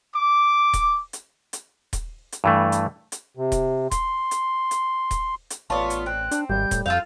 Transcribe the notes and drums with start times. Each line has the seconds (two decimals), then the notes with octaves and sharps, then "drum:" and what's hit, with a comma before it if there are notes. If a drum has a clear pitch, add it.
0.15 D6
0.73 drum: kick D#1, hi-hat
1.13 drum: hi-hat
1.53 drum: hi-hat
1.93 drum: kick D#1, hi-hat
2.32 drum: hi-hat
2.44 G2 E3 A3
2.72 drum: hi-hat
3.12 drum: hi-hat
3.37 C3
3.52 drum: kick D#1, hi-hat
3.91 C6, drum: kick D#1, hi-hat
4.31 drum: hi-hat
4.71 drum: hi-hat
5.11 drum: kick D#1, hi-hat
5.50 drum: hi-hat
5.70 A1 B3 F4 C#5 D5 A5 C#6
5.90 drum: hi-hat
6.06 C4 F#6
6.31 D4, drum: hi-hat
6.49 G#1 G3 G6
6.71 A2, drum: kick D#1, hi-hat
6.86 F2 F4 A4 F5 G6